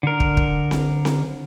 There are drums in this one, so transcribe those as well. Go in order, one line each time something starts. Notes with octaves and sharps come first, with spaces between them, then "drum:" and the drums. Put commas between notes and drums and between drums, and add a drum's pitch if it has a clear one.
D3 A#4
drum: kick
drum: kick
drum: snare C4
drum: snare C4